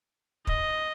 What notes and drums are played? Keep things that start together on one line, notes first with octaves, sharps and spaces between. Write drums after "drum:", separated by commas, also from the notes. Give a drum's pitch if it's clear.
D#5, drum: kick